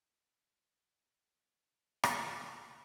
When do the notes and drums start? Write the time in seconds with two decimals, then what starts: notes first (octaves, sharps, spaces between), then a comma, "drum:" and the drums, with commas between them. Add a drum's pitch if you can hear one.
0.08 D3 B6 E7 G7
2.04 drum: rim click